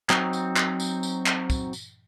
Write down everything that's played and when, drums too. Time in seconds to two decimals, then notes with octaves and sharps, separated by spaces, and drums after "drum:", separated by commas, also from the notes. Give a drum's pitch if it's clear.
0.10 F#3 C4 D#4, drum: clap
0.33 drum: tambourine
0.56 drum: clap
0.80 drum: tambourine
1.03 drum: tambourine
1.26 drum: clap
1.50 drum: kick, tambourine
1.73 drum: tambourine